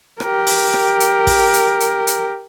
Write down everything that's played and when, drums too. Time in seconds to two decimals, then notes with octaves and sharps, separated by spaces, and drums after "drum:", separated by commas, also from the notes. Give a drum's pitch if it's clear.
0.20 G4 A#4, drum: rim click
0.47 drum: open hi-hat
0.73 drum: rim click
1.00 drum: hi-hat
1.27 drum: kick, open hi-hat
1.54 drum: hi-hat
1.80 drum: hi-hat
2.07 drum: hi-hat